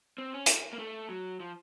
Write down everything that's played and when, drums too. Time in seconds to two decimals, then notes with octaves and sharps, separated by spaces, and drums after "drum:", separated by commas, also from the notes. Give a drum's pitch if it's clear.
0.18 C4
0.34 C#4
0.46 drum: hi-hat
0.73 A#3
0.79 A3
1.09 F#3
1.40 F3